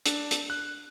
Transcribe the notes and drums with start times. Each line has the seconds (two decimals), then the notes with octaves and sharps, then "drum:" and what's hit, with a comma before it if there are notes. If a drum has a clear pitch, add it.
0.06 D4, drum: hi-hat
0.31 drum: hi-hat
0.50 F#6